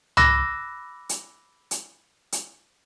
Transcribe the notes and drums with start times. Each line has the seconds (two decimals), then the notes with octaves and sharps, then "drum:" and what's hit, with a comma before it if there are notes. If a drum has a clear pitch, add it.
0.17 B5 D6 E6 F#6 A#6, drum: tom C2
1.09 drum: hi-hat
1.71 drum: hi-hat
2.32 drum: hi-hat